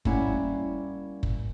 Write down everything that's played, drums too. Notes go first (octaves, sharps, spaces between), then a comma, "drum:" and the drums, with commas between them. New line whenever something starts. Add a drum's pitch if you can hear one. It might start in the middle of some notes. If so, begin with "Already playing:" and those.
G3 A#3 C#4 E4 F#5, drum: kick
drum: kick